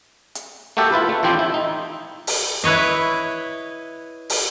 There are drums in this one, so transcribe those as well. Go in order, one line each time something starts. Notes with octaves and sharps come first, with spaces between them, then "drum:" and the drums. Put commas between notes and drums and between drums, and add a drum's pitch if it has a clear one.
drum: hi-hat
A3 A#3 F#4 G4 A4
E4 F4 B4
A3
A1 A2 F3 C4 G4
E4
D#4
drum: open hi-hat
E4 B4 C#5 D#5
drum: open hi-hat